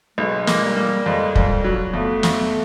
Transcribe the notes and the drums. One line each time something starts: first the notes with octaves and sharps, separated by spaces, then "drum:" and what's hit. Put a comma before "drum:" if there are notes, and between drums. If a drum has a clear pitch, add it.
B1 G#3
A#3, drum: snare
G3
A#3
F2 G#3
F2 G3, drum: kick
F#3
F2 A3 B3
F2, drum: snare